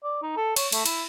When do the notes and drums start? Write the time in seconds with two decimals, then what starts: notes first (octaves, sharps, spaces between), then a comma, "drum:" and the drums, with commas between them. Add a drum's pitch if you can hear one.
0.04 D5
0.22 D#4
0.37 A4
0.56 C#5, drum: cymbal
0.72 A3, drum: cymbal
0.86 E4, drum: cymbal